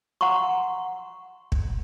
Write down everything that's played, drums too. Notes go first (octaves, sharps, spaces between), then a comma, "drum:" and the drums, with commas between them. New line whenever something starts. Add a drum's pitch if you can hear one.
F#5 A#5 C6 C#6
drum: kick